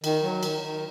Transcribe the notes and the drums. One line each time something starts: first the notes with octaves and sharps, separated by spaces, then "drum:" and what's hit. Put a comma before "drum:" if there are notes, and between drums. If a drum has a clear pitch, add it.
D#3, drum: cymbal
F#3
D#3, drum: cymbal
D#3